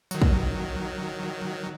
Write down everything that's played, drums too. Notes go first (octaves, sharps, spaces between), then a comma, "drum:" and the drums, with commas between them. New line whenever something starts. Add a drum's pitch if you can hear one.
D#3 F#3, drum: tambourine
drum: kick